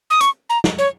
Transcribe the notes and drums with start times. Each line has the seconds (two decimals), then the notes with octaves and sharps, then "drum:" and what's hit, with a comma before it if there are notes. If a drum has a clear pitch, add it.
0.10 D#6
0.21 C#6, drum: hi-hat
0.49 A#5
0.64 drum: snare
0.78 C#5